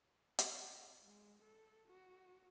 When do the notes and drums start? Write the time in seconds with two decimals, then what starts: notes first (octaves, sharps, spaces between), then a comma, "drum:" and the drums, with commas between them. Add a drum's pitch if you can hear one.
0.39 drum: hi-hat
1.03 G#3
1.42 A4
1.88 F#4